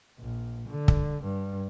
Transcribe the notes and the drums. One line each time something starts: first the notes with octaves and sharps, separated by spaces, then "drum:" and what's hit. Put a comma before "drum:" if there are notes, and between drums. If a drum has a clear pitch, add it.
A#1
D3
drum: kick
G2